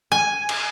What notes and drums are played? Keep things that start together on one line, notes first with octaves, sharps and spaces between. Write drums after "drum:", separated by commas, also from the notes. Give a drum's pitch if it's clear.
G#5
drum: cymbal